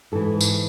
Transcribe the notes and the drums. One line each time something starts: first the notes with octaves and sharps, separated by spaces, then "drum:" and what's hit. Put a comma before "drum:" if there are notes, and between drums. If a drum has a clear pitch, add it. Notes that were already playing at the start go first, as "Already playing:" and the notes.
G#2 E3 A4
drum: tambourine